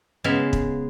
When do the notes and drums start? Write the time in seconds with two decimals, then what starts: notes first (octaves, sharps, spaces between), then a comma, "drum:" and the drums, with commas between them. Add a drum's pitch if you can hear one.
0.24 C#3 G#3 B3 E4 E5 F5
0.53 drum: kick